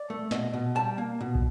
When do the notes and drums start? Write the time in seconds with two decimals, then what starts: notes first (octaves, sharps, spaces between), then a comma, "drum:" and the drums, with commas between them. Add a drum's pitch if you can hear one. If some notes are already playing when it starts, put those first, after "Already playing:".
Already playing: D5
0.10 A3
0.31 B2 D#5, drum: snare
0.53 B2
0.76 G3 A5
0.98 A#3
1.21 B2
1.35 drum: kick